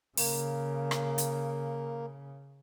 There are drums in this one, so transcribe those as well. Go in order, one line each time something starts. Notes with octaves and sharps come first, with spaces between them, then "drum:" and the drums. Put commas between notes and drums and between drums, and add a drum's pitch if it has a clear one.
C#3 A#3, drum: open hi-hat
drum: rim click
drum: hi-hat